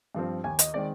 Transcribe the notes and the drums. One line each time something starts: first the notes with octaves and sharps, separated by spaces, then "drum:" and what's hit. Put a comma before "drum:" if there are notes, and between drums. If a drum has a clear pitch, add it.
G2 F3 C4
D#2 G#5
D#5, drum: hi-hat
D#3 G#3 C4 D5